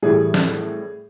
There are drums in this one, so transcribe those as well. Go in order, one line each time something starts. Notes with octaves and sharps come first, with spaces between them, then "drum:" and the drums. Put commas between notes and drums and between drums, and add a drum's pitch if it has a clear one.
A2 E3 G3 G#4
drum: snare